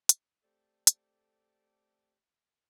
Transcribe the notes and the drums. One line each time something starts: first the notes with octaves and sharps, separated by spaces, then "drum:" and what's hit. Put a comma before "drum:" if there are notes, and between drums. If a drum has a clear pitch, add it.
drum: hi-hat
A3 C4 G4 A4 D5
drum: hi-hat